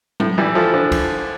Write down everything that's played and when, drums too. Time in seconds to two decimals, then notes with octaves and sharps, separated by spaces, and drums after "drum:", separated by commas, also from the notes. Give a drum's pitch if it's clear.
0.20 A2, drum: tom F#3
0.38 E3 G3
0.55 F3 A3
0.74 D3 F3
0.92 drum: kick, cymbal